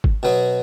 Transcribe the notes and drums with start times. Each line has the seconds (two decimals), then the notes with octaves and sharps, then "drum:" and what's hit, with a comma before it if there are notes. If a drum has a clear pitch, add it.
0.04 drum: kick G#1
0.23 B2 F#3 B3